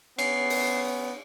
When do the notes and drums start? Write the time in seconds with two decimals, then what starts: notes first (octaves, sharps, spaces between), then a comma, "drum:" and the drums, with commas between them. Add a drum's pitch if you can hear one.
0.18 B3 C#4 C7, drum: cymbal
0.50 drum: open hi-hat